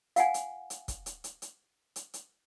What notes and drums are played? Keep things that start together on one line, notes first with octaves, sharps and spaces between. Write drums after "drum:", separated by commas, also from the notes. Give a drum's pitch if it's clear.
F5 F#5 G#5, drum: hi-hat
drum: hi-hat
drum: hi-hat
drum: kick, hi-hat
drum: hi-hat
drum: hi-hat
drum: hi-hat
drum: hi-hat
drum: hi-hat